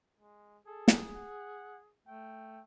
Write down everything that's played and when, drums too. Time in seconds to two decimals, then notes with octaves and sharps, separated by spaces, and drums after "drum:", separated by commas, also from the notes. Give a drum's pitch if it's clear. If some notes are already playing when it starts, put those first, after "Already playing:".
0.20 G#3
0.66 G#4 A4
0.88 drum: snare
1.15 F#5
2.08 A3 G5